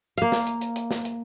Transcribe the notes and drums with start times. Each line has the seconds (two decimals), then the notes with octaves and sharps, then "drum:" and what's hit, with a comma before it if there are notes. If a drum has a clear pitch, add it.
0.18 A#3 F5, drum: hi-hat
0.32 drum: snare
0.47 drum: hi-hat
0.61 drum: hi-hat
0.76 drum: hi-hat
0.91 drum: snare
1.05 drum: hi-hat